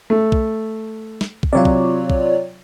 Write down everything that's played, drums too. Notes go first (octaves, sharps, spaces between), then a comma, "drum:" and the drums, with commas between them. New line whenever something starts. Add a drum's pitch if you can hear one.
A3
drum: kick
drum: snare
drum: kick
C3 F#3 F4 C#5 D5
drum: kick
drum: kick